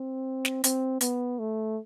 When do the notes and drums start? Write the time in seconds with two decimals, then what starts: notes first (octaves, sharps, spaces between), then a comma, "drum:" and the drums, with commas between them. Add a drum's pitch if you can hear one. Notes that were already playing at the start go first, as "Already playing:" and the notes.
Already playing: C4
0.45 drum: snare
0.64 C4, drum: hi-hat
1.01 B3, drum: hi-hat
1.39 A3